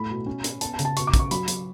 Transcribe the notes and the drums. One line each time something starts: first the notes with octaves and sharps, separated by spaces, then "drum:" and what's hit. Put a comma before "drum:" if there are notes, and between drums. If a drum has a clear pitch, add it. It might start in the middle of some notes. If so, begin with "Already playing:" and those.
Already playing: A2 A3 B5
B2
C#4
C#4, drum: hi-hat
B3 A5, drum: hi-hat
A5
C#3, drum: hi-hat
A5
B2 C#6, drum: hi-hat
D6
C#4, drum: kick, hi-hat
C#6
F#3 B5, drum: hi-hat
F#3, drum: hi-hat